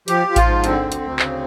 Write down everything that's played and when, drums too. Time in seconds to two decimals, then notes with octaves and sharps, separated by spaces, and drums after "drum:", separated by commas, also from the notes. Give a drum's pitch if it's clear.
0.08 F3 G4, drum: hi-hat
0.27 F3
0.36 F4, drum: kick A1, hi-hat
0.45 G#2
0.64 D3 C4, drum: hi-hat
0.82 D2
0.92 drum: hi-hat
1.01 D2
1.19 C#3, drum: clap